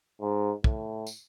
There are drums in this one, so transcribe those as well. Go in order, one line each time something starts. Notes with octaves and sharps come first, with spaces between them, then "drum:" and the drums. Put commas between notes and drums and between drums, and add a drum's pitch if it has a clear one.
G#2
A2, drum: kick
drum: tambourine